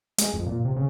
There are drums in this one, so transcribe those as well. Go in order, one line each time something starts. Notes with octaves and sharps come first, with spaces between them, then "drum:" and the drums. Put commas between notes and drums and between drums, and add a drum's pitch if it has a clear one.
G#3, drum: hi-hat
F2
A#2
C3
C#3